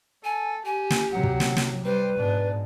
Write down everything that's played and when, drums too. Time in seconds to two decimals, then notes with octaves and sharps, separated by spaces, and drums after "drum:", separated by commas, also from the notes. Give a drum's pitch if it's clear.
0.24 A4 G#5
0.65 G4 G#5
0.90 drum: snare
1.12 C3 F#3 F#5
1.23 drum: kick
1.40 drum: snare
1.57 drum: snare
1.85 G3 B4 C5
2.18 G#2 B2 D4